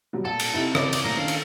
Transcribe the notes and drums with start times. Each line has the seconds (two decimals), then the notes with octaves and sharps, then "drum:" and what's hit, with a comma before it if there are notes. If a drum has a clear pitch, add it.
0.13 B2 F#3 G3
0.25 A#2 A4 F#5 A5
0.40 drum: cymbal
0.54 C3 D#4 E4
0.75 E2 C#3 C#5 D5, drum: rim click
0.93 drum: cymbal
1.05 A#2 A3 C4 A#4
1.18 D#3 C#4 D4 F5
1.28 drum: cymbal